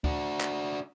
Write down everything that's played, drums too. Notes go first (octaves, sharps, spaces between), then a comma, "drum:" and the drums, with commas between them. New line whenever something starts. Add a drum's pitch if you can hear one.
D4 F#4, drum: kick D2
drum: clap